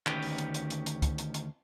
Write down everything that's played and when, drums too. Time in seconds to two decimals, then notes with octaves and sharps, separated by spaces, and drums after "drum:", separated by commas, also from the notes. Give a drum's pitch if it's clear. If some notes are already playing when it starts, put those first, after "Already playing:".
0.06 D2 D#3 C#4 G4 B4 G5, drum: clap
0.22 drum: open hi-hat
0.38 drum: hi-hat
0.54 drum: hi-hat
0.70 drum: hi-hat
0.86 drum: hi-hat
1.02 drum: kick C#2, hi-hat
1.18 drum: hi-hat
1.34 drum: hi-hat